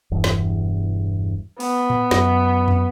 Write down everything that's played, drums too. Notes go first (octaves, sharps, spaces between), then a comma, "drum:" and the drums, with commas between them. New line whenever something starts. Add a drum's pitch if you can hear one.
E1 E2 G2
drum: snare
B3, drum: open hi-hat
drum: tom A2
F#2, drum: snare
drum: tom E2